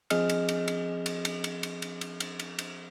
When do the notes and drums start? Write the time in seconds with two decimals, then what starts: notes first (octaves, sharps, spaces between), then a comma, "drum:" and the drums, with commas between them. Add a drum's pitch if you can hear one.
0.10 F3 C4 G#4 D#5 F6, drum: cymbal
0.29 drum: cymbal
0.49 drum: cymbal
0.68 drum: cymbal
1.06 drum: cymbal
1.25 drum: cymbal
1.44 drum: cymbal
1.63 drum: cymbal
1.82 drum: cymbal
2.01 drum: cymbal
2.20 drum: cymbal
2.39 drum: cymbal
2.59 drum: cymbal